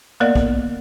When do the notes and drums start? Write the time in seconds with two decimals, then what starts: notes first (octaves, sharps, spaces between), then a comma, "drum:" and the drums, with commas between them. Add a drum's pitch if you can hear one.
0.20 A#3 B3 A#4 D5 D#5
0.36 drum: kick